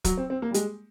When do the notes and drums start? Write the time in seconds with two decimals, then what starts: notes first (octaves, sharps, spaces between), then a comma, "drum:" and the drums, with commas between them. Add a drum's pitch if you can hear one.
0.04 F#3, drum: kick, hi-hat
0.17 C4
0.30 C4
0.42 A#3
0.51 G3
0.54 G#3, drum: hi-hat